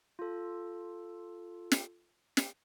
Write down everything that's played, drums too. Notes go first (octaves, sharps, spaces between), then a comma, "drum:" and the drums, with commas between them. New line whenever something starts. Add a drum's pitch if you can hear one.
F4 A4
drum: snare
drum: snare